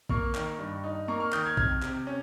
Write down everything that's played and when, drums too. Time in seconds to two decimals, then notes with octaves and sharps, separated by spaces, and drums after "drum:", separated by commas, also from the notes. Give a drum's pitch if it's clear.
0.09 A#3 C#6 F6, drum: kick A#1
0.35 D#3, drum: clap
0.58 G2
0.84 D#4
1.08 A#3 A#5 C#6
1.20 C#6 F6
1.32 D#3 D#6 G6, drum: clap
1.46 F6 G#6
1.57 C3 F6 G#6, drum: kick A#1
1.82 C3, drum: clap
2.07 C#4